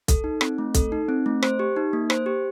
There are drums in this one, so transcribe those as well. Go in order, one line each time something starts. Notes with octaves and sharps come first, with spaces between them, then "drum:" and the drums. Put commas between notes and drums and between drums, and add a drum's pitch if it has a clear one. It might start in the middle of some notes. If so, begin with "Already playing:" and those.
A4, drum: kick B1, hi-hat
D#4
C4, drum: rim click
A3
A4, drum: kick B1, hi-hat
D#4
C4
A3
C5, drum: rim click
G4
D#4
A#3
C5, drum: rim click
G4